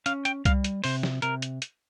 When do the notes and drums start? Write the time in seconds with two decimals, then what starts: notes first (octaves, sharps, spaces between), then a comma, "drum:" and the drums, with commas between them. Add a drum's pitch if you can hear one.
0.06 C#4 F5, drum: hi-hat
0.25 G5, drum: hi-hat
0.45 G3 F5, drum: kick C2, hi-hat
0.64 drum: hi-hat
0.84 C3 C5, drum: open hi-hat
1.03 drum: snare
1.22 C3 A#4, drum: hi-hat
1.42 drum: hi-hat
1.62 drum: hi-hat